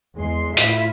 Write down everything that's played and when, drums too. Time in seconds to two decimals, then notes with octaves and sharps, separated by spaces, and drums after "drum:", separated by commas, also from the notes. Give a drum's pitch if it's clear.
0.16 E2 G#3 C6 C7
0.57 A2 E4 F4 E5 B6, drum: hi-hat